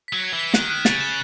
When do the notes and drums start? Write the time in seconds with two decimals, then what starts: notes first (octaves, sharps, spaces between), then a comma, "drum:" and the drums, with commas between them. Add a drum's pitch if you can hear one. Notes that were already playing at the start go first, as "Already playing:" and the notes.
0.08 F#3 B6
0.24 G#6
0.33 E3
0.39 B6
0.54 D#3 F#6, drum: snare
0.70 F#6
0.85 C#3 A6, drum: snare
1.01 E7